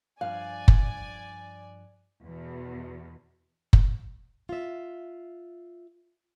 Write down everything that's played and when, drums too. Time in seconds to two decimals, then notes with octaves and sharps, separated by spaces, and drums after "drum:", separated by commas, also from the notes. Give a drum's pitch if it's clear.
0.21 G2 F3 D5 F5 G#5 F#6
0.68 drum: kick F#1
2.26 E2 B2
3.73 drum: kick F#1
4.49 F4 E5